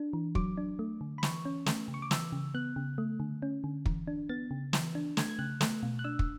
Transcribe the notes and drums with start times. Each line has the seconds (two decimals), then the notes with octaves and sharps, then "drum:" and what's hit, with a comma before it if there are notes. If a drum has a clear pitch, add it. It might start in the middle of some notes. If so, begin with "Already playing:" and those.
Already playing: D4
0.13 E3
0.35 F#3 D6, drum: kick
0.57 D4
0.79 A3
1.01 D3
1.18 B5
1.23 E3 C#6, drum: snare
1.45 C#4
1.66 A3, drum: snare
1.88 C#3
1.94 C#6
2.02 D6
2.11 E3 E6, drum: snare
2.32 C#3
2.54 B3 F#6
2.76 C#3
2.98 A3
3.20 D3
3.42 C#4
3.64 D3
3.86 E3, drum: kick
4.07 D4
4.29 B3 A6
4.51 C#3
4.73 E3, drum: snare
4.95 D4
5.17 A3 G#6, drum: snare
5.30 G#6
5.39 C#3 F#6
5.61 A3, drum: snare
5.83 B2
5.99 F#6
6.04 D4 E6
6.19 drum: kick